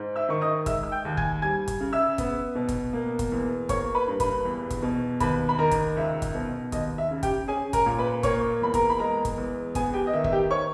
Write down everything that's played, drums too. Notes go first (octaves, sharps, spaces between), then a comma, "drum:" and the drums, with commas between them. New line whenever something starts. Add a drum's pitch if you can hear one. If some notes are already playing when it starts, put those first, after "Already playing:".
Already playing: G#2
E5 E6
D#3 C#6
D#5 D#6
G#3 E5 E6, drum: kick, hi-hat
E6
G5 G6
D#2
G#5 G#6, drum: kick
G3 G#5 G#6
drum: kick, hi-hat
C#3
E5 E6
B3, drum: kick, hi-hat
B2
drum: kick, hi-hat
A#3
drum: kick, hi-hat
E2
A#3 C#5 C#6, drum: kick, hi-hat
B4 B5
G2
B4 B5, drum: kick, hi-hat
E2
drum: kick, hi-hat
B2
D#2 B4 B5, drum: kick, hi-hat
B5
D#3 A#4 A#5
drum: kick, hi-hat
C#2 E5
drum: kick, hi-hat
B2
D#2 D#5, drum: kick, hi-hat
E5
C#3
G4 G5, drum: kick, hi-hat
C#4 G#4 G#5
A#4 A#5, drum: kick, hi-hat
A#2
B4 B5
A#3 C#5 C#6, drum: kick, hi-hat
E2 B5
A#4 A#5, drum: kick, hi-hat
B5
G#3 A#4 A#5
drum: kick, hi-hat
E2
B3 G#4 G#5, drum: kick, hi-hat
G4 G5
D#5
D#3 E5
E5, drum: kick
G4 G5
C#5 C#6